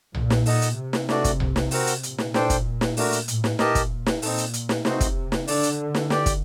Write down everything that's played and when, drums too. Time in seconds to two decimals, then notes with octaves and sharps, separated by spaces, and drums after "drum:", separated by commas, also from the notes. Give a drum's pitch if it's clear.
0.15 A#2, drum: tom B1
0.30 drum: snare
0.46 D#4 A4 D#5 F#5 A5, drum: open hi-hat
0.62 drum: hi-hat
0.77 C3
0.93 drum: snare
1.09 A3 D4 F#4 A4 D5, drum: snare
1.24 drum: kick, hi-hat
1.40 drum: tom B1
1.56 drum: snare
1.71 C4 F#4 A#4 F#5, drum: open hi-hat
1.87 drum: hi-hat
2.03 A#2, drum: hi-hat
2.18 drum: snare
2.34 D4 A4 C5 G5, drum: snare
2.50 drum: kick, hi-hat
2.81 drum: snare
2.97 A3 D4 F#4 A#4, drum: open hi-hat
3.12 drum: hi-hat
3.28 A2, drum: hi-hat
3.44 drum: snare
3.59 A#2 G4 A#4 D#5 A5, drum: snare
3.75 drum: kick, hi-hat
4.06 drum: snare
4.22 A#2 C4 D#4 A4, drum: open hi-hat
4.38 drum: hi-hat
4.53 drum: hi-hat
4.69 drum: snare
4.85 C3 A3 C4 D#4 F#4 C5, drum: snare
5.00 drum: kick, hi-hat
5.32 drum: snare
5.47 D3 D4 A4 D5, drum: open hi-hat
5.63 drum: hi-hat
5.95 drum: snare
6.10 G4 D5 G5, drum: snare
6.26 drum: kick, hi-hat